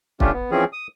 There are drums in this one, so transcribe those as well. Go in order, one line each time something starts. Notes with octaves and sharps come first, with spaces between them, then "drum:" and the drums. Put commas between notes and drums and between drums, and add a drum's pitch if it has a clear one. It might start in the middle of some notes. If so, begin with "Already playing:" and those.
A3 C#4 D4 F4 G4, drum: kick
B3
E3 F3 C4 C#4 G#4
D#6